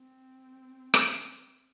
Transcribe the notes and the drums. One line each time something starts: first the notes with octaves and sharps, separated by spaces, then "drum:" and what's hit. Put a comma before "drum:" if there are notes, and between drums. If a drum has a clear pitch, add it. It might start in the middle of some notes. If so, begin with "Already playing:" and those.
Already playing: C4
drum: rim click